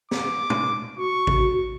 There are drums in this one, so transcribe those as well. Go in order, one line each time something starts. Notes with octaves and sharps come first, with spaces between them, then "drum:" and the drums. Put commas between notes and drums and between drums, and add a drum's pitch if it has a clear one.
D6, drum: snare
drum: tom A#2
F#4 C#6
drum: kick A1